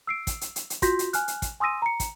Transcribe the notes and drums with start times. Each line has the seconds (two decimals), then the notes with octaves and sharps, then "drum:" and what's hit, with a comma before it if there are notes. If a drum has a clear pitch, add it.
0.07 E6 C7 D7
0.27 drum: kick, hi-hat
0.41 drum: hi-hat
0.56 drum: hi-hat
0.70 drum: hi-hat
0.82 F4 F#4 C6 G6 A#6 B6, drum: kick, hi-hat
0.99 drum: hi-hat
1.13 G#5 F6 F#6, drum: hi-hat
1.28 drum: hi-hat
1.42 drum: kick, hi-hat
1.60 G#5 C6 D#6 E6 A#6 D#7
1.82 A#5 C#7
2.00 drum: kick, hi-hat